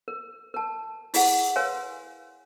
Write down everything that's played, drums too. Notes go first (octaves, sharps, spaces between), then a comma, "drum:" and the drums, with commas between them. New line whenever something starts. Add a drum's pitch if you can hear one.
A#4
A#4 A5
E4 G#4 F#5, drum: open hi-hat
A#4 B4 C#5 F5 G#5 C6